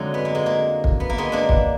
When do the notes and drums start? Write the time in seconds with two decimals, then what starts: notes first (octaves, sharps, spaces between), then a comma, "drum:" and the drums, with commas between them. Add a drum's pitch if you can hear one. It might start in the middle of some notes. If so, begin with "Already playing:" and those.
Already playing: F2 D3 F#3 G#3 D#4
0.14 B3
0.25 A#3
0.35 G#3
0.46 A#3
0.84 drum: kick
1.00 B3
1.10 A#3
1.18 G#3 B3
1.32 A#3 D4
1.49 drum: kick